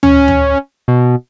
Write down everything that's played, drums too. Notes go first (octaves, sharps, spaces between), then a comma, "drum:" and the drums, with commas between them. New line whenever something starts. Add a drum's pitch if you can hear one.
C#4, drum: tom
drum: tom
B2